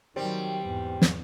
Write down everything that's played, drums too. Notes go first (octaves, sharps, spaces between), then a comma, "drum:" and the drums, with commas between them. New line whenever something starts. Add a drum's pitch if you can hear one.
D#3 F#3 G3 C4
E2 G#2
drum: snare